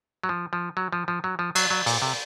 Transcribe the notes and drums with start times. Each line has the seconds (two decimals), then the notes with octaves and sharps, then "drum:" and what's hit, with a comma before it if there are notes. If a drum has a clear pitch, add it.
0.24 F#3
0.29 F3
0.53 F3
0.77 F#3
0.93 F3
1.08 F3
1.24 F#3
1.39 F3
1.55 F#3, drum: cymbal
1.70 F#3
1.86 A#2, drum: open hi-hat
2.02 C3